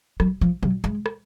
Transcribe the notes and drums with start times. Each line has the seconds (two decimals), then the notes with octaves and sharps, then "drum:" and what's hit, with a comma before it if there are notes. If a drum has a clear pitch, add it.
0.20 F#3, drum: rim click
0.41 F3
0.63 F#3, drum: tom A#2
0.84 G#3
1.06 drum: rim click